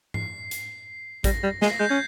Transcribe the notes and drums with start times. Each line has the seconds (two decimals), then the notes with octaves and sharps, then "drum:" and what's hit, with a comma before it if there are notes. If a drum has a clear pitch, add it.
0.14 C7, drum: tom G#2
0.51 drum: hi-hat
1.24 G3 A#6, drum: kick, hi-hat
1.43 G3
1.62 G#3 C7, drum: snare
1.70 A#6
1.79 G#3 G6
1.89 C#4 G#6